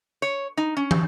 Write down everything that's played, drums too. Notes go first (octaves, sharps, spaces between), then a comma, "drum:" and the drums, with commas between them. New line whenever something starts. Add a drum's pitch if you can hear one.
C#5
D#4
C#4
drum: tom